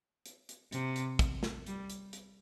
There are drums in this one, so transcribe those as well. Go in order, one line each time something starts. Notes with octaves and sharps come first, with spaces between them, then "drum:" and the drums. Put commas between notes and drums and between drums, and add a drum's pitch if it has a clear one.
drum: hi-hat
drum: hi-hat
C3, drum: hi-hat
drum: hi-hat
drum: kick, hi-hat
drum: snare
G3, drum: hi-hat
drum: hi-hat
drum: hi-hat